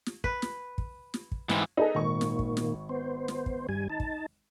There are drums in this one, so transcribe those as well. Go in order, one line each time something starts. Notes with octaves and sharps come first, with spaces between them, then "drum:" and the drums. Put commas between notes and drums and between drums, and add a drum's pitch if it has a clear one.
drum: snare
B4, drum: kick
drum: snare
drum: kick
drum: snare
drum: kick
G#2 E3, drum: snare
D#4 G#4 A4 B4
G#1 A#2 D#3 A#3 C#6
drum: snare
drum: kick
drum: snare
B3 C5
drum: snare
drum: kick
G2 G3 G#5
D#4 A5
drum: kick